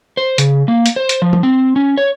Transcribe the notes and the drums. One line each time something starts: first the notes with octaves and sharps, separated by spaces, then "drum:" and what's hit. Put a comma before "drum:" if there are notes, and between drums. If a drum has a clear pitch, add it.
C5
C#3, drum: hi-hat
A#3
drum: hi-hat
C5
drum: hi-hat
F3
drum: tom
C4
C#4
C#5